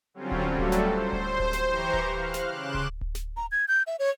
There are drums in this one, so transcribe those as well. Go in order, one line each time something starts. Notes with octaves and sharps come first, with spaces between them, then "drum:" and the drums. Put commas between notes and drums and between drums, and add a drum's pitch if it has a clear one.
D3 F#3 G3 C4 C#4 F4
drum: kick D1
F#3 G3 A3 A4
drum: kick D1
drum: snare
C5
drum: kick D1
drum: kick D1
drum: snare
E3 G4 C5 A#5 C#6
drum: kick D1
F5 F6 F#6
drum: snare
C#3 C6 D6 F#6 E7
drum: kick D1
drum: kick D1
drum: snare
A#5
G#6
G6
E5
C#5